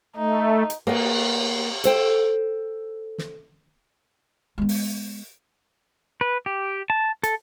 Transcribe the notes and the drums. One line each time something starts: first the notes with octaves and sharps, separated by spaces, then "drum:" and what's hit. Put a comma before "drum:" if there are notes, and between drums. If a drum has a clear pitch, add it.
A3 D#4
drum: hi-hat
A#3 B3, drum: cymbal
A4 C5 G5, drum: hi-hat
drum: snare
G#3 B3
drum: open hi-hat
B4
G4
A5
A4, drum: hi-hat